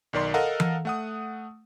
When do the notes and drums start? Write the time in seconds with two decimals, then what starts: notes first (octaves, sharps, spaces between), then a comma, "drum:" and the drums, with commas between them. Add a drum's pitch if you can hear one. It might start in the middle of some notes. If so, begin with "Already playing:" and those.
0.13 B1 D#3 D5 C6
0.34 A4 A#4 D#5 F5 F#5 A#5
0.60 drum: tom E3
0.85 A3 F#5 D#6